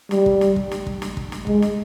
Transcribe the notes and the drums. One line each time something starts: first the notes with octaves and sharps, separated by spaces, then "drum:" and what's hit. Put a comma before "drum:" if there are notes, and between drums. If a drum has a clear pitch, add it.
G3, drum: snare
drum: kick
drum: snare
drum: kick
drum: snare
drum: kick
drum: snare
drum: kick
drum: snare
G#3, drum: kick
drum: snare